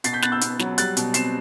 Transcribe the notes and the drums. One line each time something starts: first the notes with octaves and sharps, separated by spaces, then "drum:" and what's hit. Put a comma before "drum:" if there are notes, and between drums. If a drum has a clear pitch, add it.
B2 A6 C7, drum: hi-hat
G6 B6
B3 F#6 A6, drum: snare
E6 G6
B3, drum: hi-hat
F#3, drum: snare
G3 F#6 A6, drum: hi-hat
B2, drum: hi-hat
C4 C7 E7, drum: hi-hat